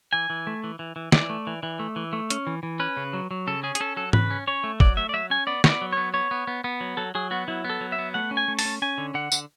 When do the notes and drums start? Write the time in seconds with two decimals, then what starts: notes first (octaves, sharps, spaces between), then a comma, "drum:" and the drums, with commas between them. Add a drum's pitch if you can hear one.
0.13 E3 G#5
0.30 E3
0.47 A3
0.64 E3
0.79 E3
0.96 E3
1.12 E3 D5, drum: snare
1.30 A3
1.47 E3
1.63 E3
1.79 A3
1.96 E3
2.13 A3
2.30 C#4, drum: hi-hat
2.47 E3
2.63 E3
2.80 C#4 B4
2.97 C#3
3.13 F#3
3.31 F#3
3.47 C#3 A4
3.63 C#4 G#4
3.75 G#4, drum: hi-hat
3.80 C#4 A4
3.96 F#3 A4
4.13 C#3 B4, drum: tom G#2
4.31 C#4
4.47 C#4 C#5
4.64 A3
4.80 F#3 D5, drum: kick
4.97 A3 E5
5.09 D5
5.14 F#3 E5
5.30 C#4 G#5
5.47 B3 D5
5.64 B3 C#5, drum: snare
5.69 D5
5.81 F#3
5.92 B3 C#5
6.14 B3 C#5
6.31 B3
6.47 B3
6.64 B3
6.81 F#3
6.97 F#3 A4
7.15 F#3 G#4
7.31 B3 F#4
7.48 F#3 E4
7.65 B3 A4
7.81 F#3
7.92 E5
7.99 B3
8.14 A3 F#5
8.31 C#4
8.37 G#5
8.48 A3
8.59 A5, drum: open hi-hat
8.65 C#4
8.82 C#4 G#5
8.98 D3
9.14 D3 F#5
9.32 D3, drum: tambourine